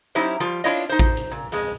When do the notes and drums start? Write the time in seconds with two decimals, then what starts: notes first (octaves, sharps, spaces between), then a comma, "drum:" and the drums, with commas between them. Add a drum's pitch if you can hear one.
0.15 F#3 C#4 D#4 E4 G4 C5
0.40 F3 G3 F4
0.64 D4 E4 F4 C#5 D#5, drum: hi-hat
0.89 D#4 C5
0.99 drum: kick A1, hi-hat
1.17 drum: hi-hat
1.31 A#2
1.52 F2 G#3, drum: hi-hat